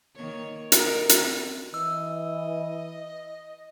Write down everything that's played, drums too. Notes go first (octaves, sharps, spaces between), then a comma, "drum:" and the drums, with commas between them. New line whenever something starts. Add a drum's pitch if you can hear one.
D#3 A#3 C#5
D#4 A#4, drum: hi-hat
C4, drum: hi-hat
E3 D#5 E6